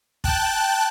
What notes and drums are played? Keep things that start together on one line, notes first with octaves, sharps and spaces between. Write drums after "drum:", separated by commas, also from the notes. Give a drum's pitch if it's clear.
G5 A5 F#6, drum: kick